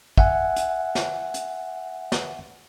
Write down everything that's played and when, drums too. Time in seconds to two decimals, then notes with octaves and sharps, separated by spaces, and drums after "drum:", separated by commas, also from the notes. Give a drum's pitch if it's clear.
0.18 E5 F#5 G#5, drum: kick
0.56 drum: hi-hat
0.95 drum: snare
1.34 drum: hi-hat
2.12 drum: snare